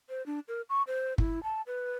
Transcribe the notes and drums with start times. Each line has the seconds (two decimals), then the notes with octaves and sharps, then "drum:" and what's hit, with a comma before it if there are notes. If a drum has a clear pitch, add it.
0.09 C5
0.26 D4
0.48 A#4
0.69 C#6
0.87 C5
1.18 E4, drum: kick
1.43 A5
1.67 B4